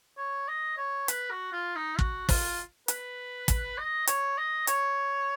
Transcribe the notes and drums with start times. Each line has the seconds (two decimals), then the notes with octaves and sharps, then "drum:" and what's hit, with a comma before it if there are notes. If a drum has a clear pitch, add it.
0.18 C#5
0.48 D#5
0.78 C#5
1.08 B4, drum: hi-hat
1.31 F#4
1.53 F4
1.76 D#4
1.99 F#4, drum: kick
2.29 F4, drum: kick, open hi-hat
2.88 B4, drum: hi-hat
3.48 drum: kick, hi-hat
3.78 D#5
4.07 C#5, drum: hi-hat
4.38 D#5
4.67 C#5, drum: hi-hat